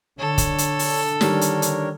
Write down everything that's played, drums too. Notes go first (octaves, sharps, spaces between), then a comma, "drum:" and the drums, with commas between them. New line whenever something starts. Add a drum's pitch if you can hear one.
D3 A4 C#5
drum: kick, hi-hat
drum: hi-hat
drum: open hi-hat
D#3 G3 D4 A#4 C#5, drum: snare
drum: hi-hat
drum: hi-hat